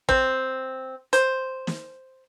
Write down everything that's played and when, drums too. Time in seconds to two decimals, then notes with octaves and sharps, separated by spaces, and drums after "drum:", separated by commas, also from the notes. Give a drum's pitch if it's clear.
0.09 C4, drum: kick
1.13 C5, drum: hi-hat
1.67 drum: snare